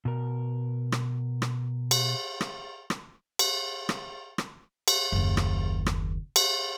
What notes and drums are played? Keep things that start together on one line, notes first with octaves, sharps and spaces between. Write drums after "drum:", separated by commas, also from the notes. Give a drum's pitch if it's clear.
B2 A#4
drum: rim click
drum: rim click
drum: cymbal
drum: rim click
drum: rim click
drum: cymbal
drum: rim click
drum: rim click
drum: cymbal
F#1 D#2
drum: rim click
drum: rim click
drum: cymbal